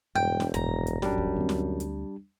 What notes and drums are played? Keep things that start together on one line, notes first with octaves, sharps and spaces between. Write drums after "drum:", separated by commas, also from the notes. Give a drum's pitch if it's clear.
E1 G2 G5
drum: snare
G1 F2 A#2 A#5, drum: hi-hat
drum: hi-hat
F#2 G3 D4, drum: snare
drum: kick D2
D2 F#3 C4
drum: snare
drum: hi-hat